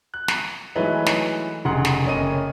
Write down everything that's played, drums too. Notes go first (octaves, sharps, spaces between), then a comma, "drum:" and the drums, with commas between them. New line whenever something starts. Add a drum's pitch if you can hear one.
F#6
drum: snare
E3 F#3 G#3 A3 D#4 B4
drum: snare
F1 C#3 F#5 C6
drum: snare
F#1 C#4 D#5 D#7